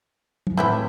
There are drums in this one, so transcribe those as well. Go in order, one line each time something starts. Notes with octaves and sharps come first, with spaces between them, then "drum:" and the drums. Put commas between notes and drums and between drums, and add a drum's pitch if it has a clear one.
drum: tom
A2 A3 C4 E4 G4 B4